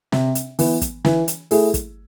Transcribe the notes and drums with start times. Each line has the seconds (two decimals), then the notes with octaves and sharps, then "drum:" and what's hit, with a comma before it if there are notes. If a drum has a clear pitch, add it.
0.12 C3, drum: snare
0.35 drum: hi-hat
0.59 E3 B3, drum: open hi-hat
0.81 drum: kick, hi-hat
1.05 E3, drum: snare
1.28 drum: hi-hat
1.51 A3 E4 G#4, drum: open hi-hat
1.74 drum: kick, hi-hat